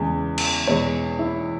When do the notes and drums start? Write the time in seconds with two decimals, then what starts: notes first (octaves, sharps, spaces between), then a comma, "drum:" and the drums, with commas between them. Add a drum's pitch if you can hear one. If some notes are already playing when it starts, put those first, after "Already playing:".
Already playing: E2 C#3 G#3
0.38 drum: cymbal
0.67 E2 B2 G#3 B3 C#5
1.19 E4